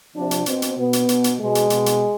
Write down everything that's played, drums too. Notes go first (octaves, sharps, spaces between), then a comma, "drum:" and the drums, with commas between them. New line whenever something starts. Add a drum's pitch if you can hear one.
C3 F3 D4
drum: hi-hat
B2 C4, drum: hi-hat
drum: hi-hat
B2 B3
drum: hi-hat
B2, drum: hi-hat
drum: hi-hat
B2 G#3
drum: hi-hat
B2, drum: hi-hat
drum: hi-hat